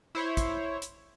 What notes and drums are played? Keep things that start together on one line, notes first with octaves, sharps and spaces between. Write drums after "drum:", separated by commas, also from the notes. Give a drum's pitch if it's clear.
E4 C5 C#5
drum: kick, hi-hat
drum: hi-hat